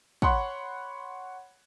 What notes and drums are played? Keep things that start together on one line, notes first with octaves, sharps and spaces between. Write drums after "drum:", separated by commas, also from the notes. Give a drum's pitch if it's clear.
C#5 F#5 B5 C6, drum: kick